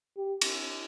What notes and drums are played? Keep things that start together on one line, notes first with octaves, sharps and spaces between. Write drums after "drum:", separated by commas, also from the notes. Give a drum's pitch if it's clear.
G4
drum: cymbal